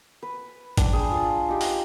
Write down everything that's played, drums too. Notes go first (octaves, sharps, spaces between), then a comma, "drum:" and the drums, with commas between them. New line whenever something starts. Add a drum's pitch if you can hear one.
B4
D4 G5, drum: kick G#1, hi-hat
G#4
F4 C6
D#4 G4
drum: open hi-hat